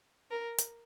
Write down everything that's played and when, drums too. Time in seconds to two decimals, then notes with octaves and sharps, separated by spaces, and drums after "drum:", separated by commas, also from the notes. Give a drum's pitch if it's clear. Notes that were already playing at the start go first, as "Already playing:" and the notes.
0.31 A#4
0.58 drum: hi-hat